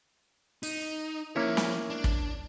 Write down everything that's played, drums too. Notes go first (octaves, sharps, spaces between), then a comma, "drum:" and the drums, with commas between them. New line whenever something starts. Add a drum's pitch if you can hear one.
D#4, drum: open hi-hat
F3 A#3 C#4 E4 C#5
drum: snare
D4
drum: kick